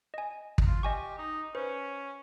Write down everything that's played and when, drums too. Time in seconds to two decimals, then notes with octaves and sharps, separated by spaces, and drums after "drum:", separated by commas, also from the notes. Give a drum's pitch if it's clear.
0.14 D#5 G#5
0.58 drum: kick
0.67 F4
0.83 G4 D#5 G#5 C#6
1.18 D#4
1.55 C#4 B4 C5